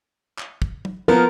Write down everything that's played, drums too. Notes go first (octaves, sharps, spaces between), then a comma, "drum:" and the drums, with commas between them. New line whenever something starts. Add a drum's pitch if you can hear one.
drum: clap
drum: kick
drum: tom
F3 B3 A#4